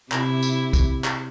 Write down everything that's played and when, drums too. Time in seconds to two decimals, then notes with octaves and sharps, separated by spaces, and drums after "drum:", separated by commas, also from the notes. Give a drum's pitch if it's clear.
0.12 C3 E4, drum: clap
0.43 drum: tambourine
0.73 drum: kick, tambourine
1.04 drum: clap